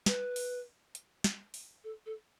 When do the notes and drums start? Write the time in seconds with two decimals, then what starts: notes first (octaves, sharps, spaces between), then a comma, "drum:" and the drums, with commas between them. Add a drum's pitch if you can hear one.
0.06 B4, drum: snare
0.36 drum: open hi-hat
0.95 drum: hi-hat
1.24 drum: snare
1.54 drum: open hi-hat
1.84 A4
2.06 A4